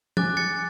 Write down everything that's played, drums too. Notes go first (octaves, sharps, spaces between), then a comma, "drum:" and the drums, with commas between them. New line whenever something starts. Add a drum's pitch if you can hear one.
G#5 D6 F#6 A6, drum: tom
A6 C#7